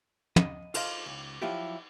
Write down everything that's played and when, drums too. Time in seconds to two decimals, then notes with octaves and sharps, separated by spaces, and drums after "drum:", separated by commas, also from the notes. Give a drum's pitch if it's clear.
0.36 D#5, drum: tom
0.74 F4 A4 C5 D#5 F5, drum: cymbal
1.06 C#2
1.42 F3 F#3 E4 F4 G4